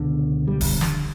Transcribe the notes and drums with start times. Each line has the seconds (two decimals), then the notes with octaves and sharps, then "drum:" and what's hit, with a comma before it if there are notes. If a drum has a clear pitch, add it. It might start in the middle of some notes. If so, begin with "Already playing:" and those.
Already playing: C#2 B2 D3
0.48 G3
0.61 drum: kick D1, open hi-hat
0.81 drum: snare